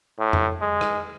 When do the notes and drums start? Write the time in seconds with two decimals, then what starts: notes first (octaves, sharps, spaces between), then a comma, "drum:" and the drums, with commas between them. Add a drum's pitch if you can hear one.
0.19 A2
0.33 drum: tom F2
0.61 G#3
0.81 drum: rim click